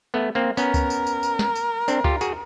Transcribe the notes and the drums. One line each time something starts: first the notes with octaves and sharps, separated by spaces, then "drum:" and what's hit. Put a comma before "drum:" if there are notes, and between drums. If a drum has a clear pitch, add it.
A3 B3
A#3 C4
B3 C#4 A#4, drum: tambourine
drum: kick C#2, tambourine
drum: tambourine
drum: tambourine
drum: tambourine
drum: snare
drum: tambourine
C4 D4, drum: tambourine
F4 G4, drum: kick C#2
F#4 G#4, drum: tambourine